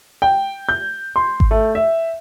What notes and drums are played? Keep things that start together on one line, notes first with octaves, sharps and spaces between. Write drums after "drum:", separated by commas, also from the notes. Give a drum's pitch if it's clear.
G5
G6
C6
drum: kick G#1
A3
E5